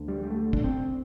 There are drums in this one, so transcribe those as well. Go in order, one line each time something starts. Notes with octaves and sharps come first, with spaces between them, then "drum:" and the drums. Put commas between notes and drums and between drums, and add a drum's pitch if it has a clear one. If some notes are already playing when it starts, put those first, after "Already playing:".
Already playing: D2 D3
G3
G3
A3
D4, drum: kick
C4